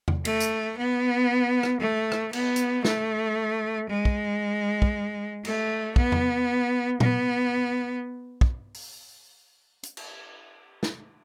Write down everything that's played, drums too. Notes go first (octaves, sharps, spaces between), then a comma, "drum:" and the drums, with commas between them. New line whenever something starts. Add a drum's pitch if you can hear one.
drum: tom E2
A3, drum: cymbal
drum: hi-hat
B3
drum: rim click
A3
drum: rim click
B3, drum: cymbal
drum: hi-hat
A3, drum: snare
G#3
drum: kick
drum: kick
A3, drum: cymbal
B3, drum: kick
drum: tom E2
B3, drum: tom A#2
drum: kick
drum: open hi-hat
drum: hi-hat
drum: cymbal
drum: snare